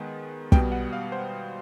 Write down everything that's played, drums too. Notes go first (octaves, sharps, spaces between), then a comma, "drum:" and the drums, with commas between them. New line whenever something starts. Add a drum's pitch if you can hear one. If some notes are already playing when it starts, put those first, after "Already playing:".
Already playing: D#3 G#3 B3 G#5
B2 G3 B3 G5, drum: kick
F#5
F5
C5